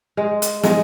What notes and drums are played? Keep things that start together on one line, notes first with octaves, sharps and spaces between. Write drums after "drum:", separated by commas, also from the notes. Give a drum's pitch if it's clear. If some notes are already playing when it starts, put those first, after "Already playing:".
G#3
drum: hi-hat
G#3, drum: snare